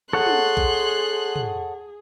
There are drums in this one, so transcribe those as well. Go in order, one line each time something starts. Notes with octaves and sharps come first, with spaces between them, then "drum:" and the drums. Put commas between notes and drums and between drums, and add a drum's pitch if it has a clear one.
G#4 A4 C#5 F#5 C6 F#6
drum: tom
drum: kick A#1
drum: tom